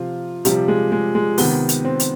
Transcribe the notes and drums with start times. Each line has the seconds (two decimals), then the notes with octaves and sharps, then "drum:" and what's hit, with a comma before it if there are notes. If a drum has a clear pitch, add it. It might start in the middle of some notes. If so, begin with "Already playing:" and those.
Already playing: C3 F3 F4
0.45 C3 F3 G3, drum: hi-hat
0.68 G#3
0.92 G#3
1.15 G#3
1.38 C3 D#3 B3, drum: open hi-hat
1.69 drum: hi-hat
1.85 C4
2.00 drum: hi-hat